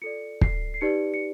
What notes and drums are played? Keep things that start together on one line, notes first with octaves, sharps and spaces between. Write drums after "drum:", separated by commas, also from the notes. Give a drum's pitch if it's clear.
F4 A4 D5 C#7
C7, drum: kick
C7
D#4 G4 B4 D5 C#7
C#7